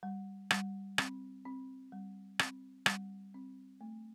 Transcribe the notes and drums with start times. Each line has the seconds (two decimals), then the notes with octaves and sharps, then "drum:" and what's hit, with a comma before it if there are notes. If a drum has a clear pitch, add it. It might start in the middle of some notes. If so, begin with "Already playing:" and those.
0.03 G3
0.51 G3, drum: rim click
0.98 C4, drum: rim click
1.46 C4
1.92 G3
2.39 C4, drum: rim click
2.86 G3, drum: rim click
3.34 C4
3.81 A3